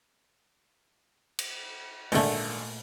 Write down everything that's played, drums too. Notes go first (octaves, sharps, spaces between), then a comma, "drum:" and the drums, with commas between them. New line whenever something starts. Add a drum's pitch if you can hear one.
drum: cymbal
G#1 A#2 D3 A3, drum: open hi-hat